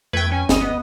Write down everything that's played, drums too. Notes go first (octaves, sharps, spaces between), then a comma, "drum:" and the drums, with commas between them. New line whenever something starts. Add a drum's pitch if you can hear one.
F2 A3 B4 G5 G#6
C#4 G#5
G1 D2 D#5, drum: snare
B3